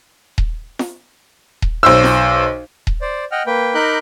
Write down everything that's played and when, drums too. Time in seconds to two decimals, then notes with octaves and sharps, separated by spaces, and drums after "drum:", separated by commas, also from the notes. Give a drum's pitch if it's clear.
0.38 drum: kick D#1
0.79 drum: snare
1.62 drum: kick D#1
1.83 B1 C5 E6
2.04 drum: snare
2.87 drum: kick D#1
3.01 C5 D5
3.32 D#5 F#5 G5 F6
3.46 A#3 B4 G5
3.74 D#4 A#4 B5 D6 F#6 G6